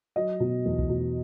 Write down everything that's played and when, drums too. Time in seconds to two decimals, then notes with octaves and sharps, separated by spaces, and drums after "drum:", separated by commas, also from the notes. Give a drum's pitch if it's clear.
0.16 F#3 D#5
0.40 B2
0.65 E2
0.79 drum: kick C2
0.89 B2